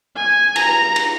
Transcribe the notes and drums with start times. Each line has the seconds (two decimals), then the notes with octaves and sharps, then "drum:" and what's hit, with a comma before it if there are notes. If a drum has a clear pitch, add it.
0.16 G#5
0.56 A#5, drum: cymbal
0.96 drum: cymbal